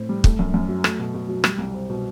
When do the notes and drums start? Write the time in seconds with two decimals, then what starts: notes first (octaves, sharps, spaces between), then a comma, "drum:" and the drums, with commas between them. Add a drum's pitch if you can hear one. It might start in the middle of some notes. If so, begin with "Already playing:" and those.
Already playing: A2 C4
0.09 G3
0.24 A3, drum: kick
0.39 F#2
0.54 F#2
0.68 F#3
0.84 A3, drum: rim click
0.99 B2
1.14 B2
1.29 F#3
1.44 G3, drum: rim click
1.58 C2
1.74 C4
1.90 B2